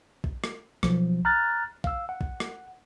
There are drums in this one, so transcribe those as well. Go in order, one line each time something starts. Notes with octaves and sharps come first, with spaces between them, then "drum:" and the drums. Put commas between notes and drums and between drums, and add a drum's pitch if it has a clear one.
drum: kick
drum: rim click
B1 F3, drum: rim click
A#5 F6 F#6 A6
F5 E6, drum: kick
F#5
drum: kick
drum: rim click